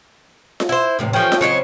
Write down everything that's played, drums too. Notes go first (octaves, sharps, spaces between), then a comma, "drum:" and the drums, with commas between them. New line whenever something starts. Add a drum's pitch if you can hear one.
drum: snare F4
E4 C5
E2 A2 C3
E3 F3 A3 C#4 G5
drum: snare F4
C#3 F#3 C4 C#5 D#5 C#7